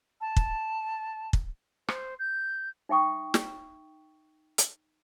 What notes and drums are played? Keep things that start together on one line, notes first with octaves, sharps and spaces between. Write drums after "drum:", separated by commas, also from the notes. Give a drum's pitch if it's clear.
A5
drum: kick
drum: kick
C5, drum: rim click
G6
D#4 E5 G5 C#6 D#6
drum: snare
drum: hi-hat